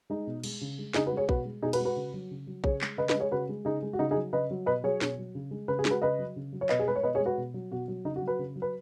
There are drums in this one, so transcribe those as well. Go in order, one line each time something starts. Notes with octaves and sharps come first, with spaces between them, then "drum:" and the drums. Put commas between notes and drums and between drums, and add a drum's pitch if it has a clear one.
G#3 D#4
B2
G#3, drum: cymbal
C#3
G#3
C#3 D#4 G#4, drum: snare
F#4 B4
G#3
G#4 C#5
B2 F#4 B4, drum: kick A#1
G#3
B2 D#4 G#4
F#4 B4, drum: cymbal
G#3
F#4 B4
C#3
F#3
C#3
F#3
C#3 G#4 C#5, drum: kick A#1
G#3, drum: clap
C#3 B4 D#5
B4 D#5, drum: snare
G#3
G#4 C#5
C#3 F#4 B4
G#3
C#3 D#4 G#4
G#3
F#4
C#3 D#4
D#4 G#4
F#3
C#3 B4 D#5
F#3
B2 B4 D#5
F#3 G#4 C#5
B2, drum: snare
F#3
C#3
G#3
C#3 B4
G#4
G#3, drum: snare
F#4 B4
C#3 B4 D#5
F#3
C#3
F#3
C#5
B2 B4 D#5, drum: clap
G#4
G#3 B4
C#5
B2 B4 D#5
G#4 C#5
G#3
F#4 B4
B2
F#3
B2 F#4
F#3
C#3 D#4
F#4
F#3
F#4 B4
C#3
F#3
B4